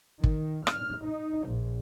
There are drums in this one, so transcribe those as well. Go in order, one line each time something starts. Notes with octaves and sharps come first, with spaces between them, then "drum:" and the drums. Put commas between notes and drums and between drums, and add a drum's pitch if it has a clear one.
D#3, drum: kick
F6, drum: rim click
D#4
A#1